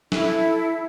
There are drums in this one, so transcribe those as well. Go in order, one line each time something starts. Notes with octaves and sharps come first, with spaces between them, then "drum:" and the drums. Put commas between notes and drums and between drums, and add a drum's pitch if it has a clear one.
E4 A4, drum: snare